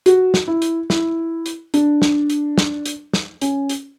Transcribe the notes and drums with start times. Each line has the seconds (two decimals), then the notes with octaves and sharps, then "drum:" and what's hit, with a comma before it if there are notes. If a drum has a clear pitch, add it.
0.06 F#4, drum: hi-hat
0.34 drum: snare
0.47 E4
0.62 drum: hi-hat
0.90 E4, drum: snare
1.46 drum: hi-hat
1.74 D4, drum: hi-hat
2.02 drum: snare
2.30 drum: hi-hat
2.58 drum: snare
2.86 drum: hi-hat
3.14 drum: snare
3.42 C#4, drum: hi-hat
3.69 drum: hi-hat